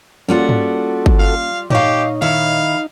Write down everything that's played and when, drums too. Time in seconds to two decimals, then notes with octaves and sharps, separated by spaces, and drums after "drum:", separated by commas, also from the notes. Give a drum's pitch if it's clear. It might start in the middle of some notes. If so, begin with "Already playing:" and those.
0.29 G3 A#3 C#4 F4 F#4 A4 F#5
0.49 drum: tom
1.06 drum: kick G1
1.19 F5
1.70 A#2 D#4 G4 C#5 D#5 F5 C#6, drum: tom
2.22 D#3 E4 F5